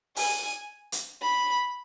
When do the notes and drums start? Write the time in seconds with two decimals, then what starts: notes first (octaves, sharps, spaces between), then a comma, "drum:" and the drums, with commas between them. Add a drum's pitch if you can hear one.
0.16 G#5, drum: open hi-hat
0.92 drum: hi-hat
1.22 B5